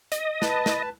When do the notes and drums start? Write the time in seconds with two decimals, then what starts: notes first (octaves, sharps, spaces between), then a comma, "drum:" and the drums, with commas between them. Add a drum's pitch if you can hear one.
0.12 D#5, drum: hi-hat
0.42 B4 A5, drum: snare
0.66 drum: snare